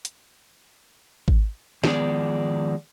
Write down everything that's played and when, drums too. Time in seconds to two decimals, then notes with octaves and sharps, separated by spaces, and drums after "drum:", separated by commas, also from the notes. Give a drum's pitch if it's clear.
0.05 drum: hi-hat
1.28 drum: kick G#1
1.84 D#3 F3 G#3 B3 G#4 D5, drum: snare